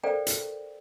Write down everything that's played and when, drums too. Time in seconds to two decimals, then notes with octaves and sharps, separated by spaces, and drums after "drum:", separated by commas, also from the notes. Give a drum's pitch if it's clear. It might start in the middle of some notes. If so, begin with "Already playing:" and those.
0.03 A4 A#4 C5 D5 F5 G5
0.27 drum: hi-hat